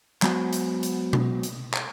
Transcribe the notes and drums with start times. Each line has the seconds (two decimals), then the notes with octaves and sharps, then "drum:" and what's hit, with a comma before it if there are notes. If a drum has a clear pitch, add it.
0.22 F#3 G#3 B3 F#4 C5, drum: clap
0.53 drum: hi-hat
0.83 drum: hi-hat
1.13 drum: tom B2
1.43 drum: hi-hat
1.74 drum: clap